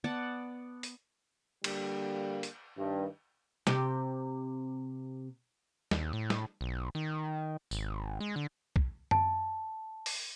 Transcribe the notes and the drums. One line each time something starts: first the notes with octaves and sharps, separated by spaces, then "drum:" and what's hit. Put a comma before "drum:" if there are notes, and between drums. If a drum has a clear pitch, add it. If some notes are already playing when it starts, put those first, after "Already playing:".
B3 D5 F#5 A5
drum: hi-hat
D3 G3 A#3, drum: cymbal
drum: hi-hat
G2 D#3
C3 G4, drum: snare
D#2, drum: snare
A2
drum: snare
B1
D#3
G#1, drum: tambourine
G#3
D3
drum: kick
A5, drum: tom F#2
drum: open hi-hat